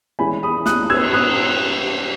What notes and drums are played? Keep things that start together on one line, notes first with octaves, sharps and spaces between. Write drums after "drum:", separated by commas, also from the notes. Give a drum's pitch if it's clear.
E3 G#3 C#4 G#5 B5
B5 D#6
D#6 F#6, drum: snare
E6 G#6, drum: cymbal
D#6 F#6